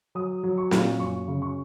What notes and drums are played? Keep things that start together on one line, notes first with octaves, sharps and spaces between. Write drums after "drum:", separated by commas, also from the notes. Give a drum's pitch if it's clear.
F#3 D#6
F#3
C#6
A#2, drum: snare
F#2 C#6
C#3
C#6